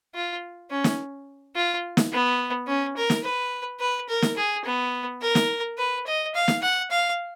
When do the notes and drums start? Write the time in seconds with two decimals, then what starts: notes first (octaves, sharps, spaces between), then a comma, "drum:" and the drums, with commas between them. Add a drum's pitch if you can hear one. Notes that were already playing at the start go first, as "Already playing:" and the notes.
0.14 F4
0.70 C#4
0.84 drum: snare
1.55 F4
1.97 drum: snare
2.12 B3
2.67 C#4
2.96 A#4
3.10 drum: snare
3.23 B4
3.80 B4
4.09 A#4
4.22 drum: snare
4.36 G#4
4.65 B3
5.21 A#4
5.35 drum: snare
5.78 B4
6.06 D#5
6.34 F5
6.48 drum: snare
6.62 F#5
6.91 F5